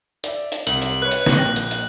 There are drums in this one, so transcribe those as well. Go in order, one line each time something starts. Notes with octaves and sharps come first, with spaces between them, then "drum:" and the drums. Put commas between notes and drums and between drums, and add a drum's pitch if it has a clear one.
D5 E5, drum: hi-hat
drum: hi-hat
C2 F#7, drum: hi-hat
drum: hi-hat
B4 C#5 F#6
drum: hi-hat
drum: snare
A#1 G5 A#6
drum: hi-hat
drum: hi-hat